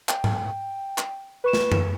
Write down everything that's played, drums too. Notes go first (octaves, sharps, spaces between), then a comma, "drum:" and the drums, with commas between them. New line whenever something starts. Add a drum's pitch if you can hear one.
G5, drum: clap
drum: tom G#2
drum: clap
B4 C#6 E7
drum: snare
drum: tom F#2